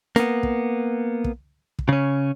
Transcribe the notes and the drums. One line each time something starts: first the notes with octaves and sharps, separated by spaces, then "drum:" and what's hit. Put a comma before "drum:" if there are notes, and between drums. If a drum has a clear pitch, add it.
A#3 B3, drum: snare
drum: kick
drum: kick
drum: kick
C#3 C#4